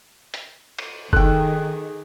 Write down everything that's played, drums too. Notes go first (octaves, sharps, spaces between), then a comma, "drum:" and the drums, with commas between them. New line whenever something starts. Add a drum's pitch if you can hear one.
drum: hi-hat
drum: cymbal
D#3 G#4 A4 G5 F#6, drum: kick